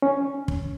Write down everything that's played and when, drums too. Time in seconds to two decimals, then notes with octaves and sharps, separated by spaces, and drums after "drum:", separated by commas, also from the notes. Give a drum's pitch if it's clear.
0.02 C#4
0.48 drum: kick